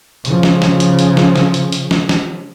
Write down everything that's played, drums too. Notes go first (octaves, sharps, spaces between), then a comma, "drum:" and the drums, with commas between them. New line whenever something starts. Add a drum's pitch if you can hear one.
C#3 F3, drum: hi-hat
drum: snare
drum: snare
drum: hi-hat
drum: hi-hat
drum: snare
drum: snare
drum: hi-hat
drum: hi-hat
drum: snare
drum: snare